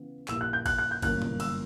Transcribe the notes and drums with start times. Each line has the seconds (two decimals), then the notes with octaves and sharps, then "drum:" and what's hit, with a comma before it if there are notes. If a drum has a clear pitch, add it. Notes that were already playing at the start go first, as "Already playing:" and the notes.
Already playing: C#3 E3 B3
0.28 A#1 A#2 A#3 E4 G4 E6, drum: clap
0.41 F#6
0.53 G6
0.66 F#6, drum: kick, cymbal
0.78 F#6
0.91 G6
1.02 G1 F#2 E3 A#3 C#4 F#6, drum: kick, cymbal
1.22 drum: tom A#2
1.40 E6, drum: cymbal